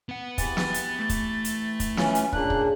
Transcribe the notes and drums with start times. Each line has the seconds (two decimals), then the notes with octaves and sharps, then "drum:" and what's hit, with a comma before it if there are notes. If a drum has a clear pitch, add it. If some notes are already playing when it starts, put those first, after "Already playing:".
0.09 B3 F#5
0.38 C3 E3 A6, drum: kick, hi-hat
0.57 drum: snare
0.74 drum: hi-hat
0.99 A3
1.09 drum: kick, hi-hat
1.45 drum: hi-hat
1.80 drum: kick, hi-hat
1.97 E3 C#4 F4, drum: snare
2.15 drum: hi-hat
2.33 A#2 C#3 A#3 D4 D6 F#6, drum: kick
2.50 drum: kick